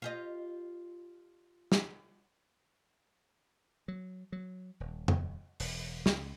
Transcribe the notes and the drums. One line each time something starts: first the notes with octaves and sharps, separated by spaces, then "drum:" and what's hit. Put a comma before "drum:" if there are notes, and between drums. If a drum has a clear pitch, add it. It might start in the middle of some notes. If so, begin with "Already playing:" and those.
F4 G4 D#5
drum: snare
F#3
F#3
D#1
drum: tom F2
E1, drum: open hi-hat
C#2, drum: snare